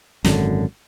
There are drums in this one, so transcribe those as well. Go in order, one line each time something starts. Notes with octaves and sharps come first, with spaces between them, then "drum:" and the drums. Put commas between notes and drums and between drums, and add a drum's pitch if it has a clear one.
G#1 F#2 A2 D3, drum: snare